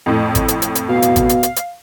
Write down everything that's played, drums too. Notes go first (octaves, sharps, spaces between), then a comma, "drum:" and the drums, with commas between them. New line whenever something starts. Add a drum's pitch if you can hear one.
F2 A2
drum: kick G#1, hi-hat
drum: hi-hat
drum: hi-hat
drum: hi-hat
B2 F5
drum: hi-hat
drum: kick G#1, hi-hat
drum: hi-hat
drum: hi-hat
drum: hi-hat